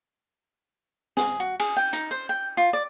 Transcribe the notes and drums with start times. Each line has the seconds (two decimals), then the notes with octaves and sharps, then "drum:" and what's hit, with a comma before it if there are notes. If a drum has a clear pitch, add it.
1.17 G#4, drum: snare
1.40 F#4
1.60 G#4, drum: cymbal
1.77 G5
1.93 D#4, drum: hi-hat
2.11 C5
2.29 G5
2.57 F4
2.73 D5